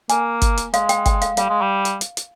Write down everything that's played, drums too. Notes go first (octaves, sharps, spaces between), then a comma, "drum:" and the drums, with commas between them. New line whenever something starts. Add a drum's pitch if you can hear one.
A#3 G#5, drum: hi-hat
drum: kick, hi-hat
drum: hi-hat
G#3 F5, drum: hi-hat
G5, drum: hi-hat
G5, drum: kick, hi-hat
F5, drum: hi-hat
G3 F5, drum: hi-hat
G#3
G3
drum: hi-hat
drum: hi-hat
drum: hi-hat